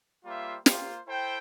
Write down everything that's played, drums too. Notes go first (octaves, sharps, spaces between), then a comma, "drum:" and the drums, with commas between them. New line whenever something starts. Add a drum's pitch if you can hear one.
G3 A#3 F4 C5 E5
A#3 F4 C5, drum: snare
E4 A4 C5 G5